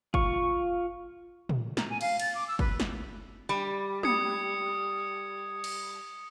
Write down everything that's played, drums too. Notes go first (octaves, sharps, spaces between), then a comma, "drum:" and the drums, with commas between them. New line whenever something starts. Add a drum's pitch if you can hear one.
F4 C#6, drum: kick
drum: tom
A#5, drum: snare
G#5
F5, drum: cymbal
A6, drum: cymbal
D6
E6
B4, drum: kick
drum: snare
G3
D#6 G#6 C#7, drum: tom
drum: cymbal